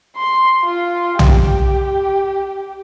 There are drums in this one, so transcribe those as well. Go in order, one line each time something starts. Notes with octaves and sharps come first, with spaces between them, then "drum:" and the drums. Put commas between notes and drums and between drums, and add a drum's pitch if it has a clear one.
C6
F4
G4, drum: tom B1